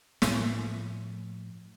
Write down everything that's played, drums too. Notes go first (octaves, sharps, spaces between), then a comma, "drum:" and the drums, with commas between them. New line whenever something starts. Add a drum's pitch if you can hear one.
A2 F3, drum: snare